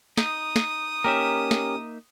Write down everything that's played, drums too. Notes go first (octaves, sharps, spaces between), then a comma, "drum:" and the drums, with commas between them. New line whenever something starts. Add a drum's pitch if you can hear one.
D#4 D#6, drum: snare
drum: snare
A#3 C#4 D#4 G4 A#4 E5
drum: snare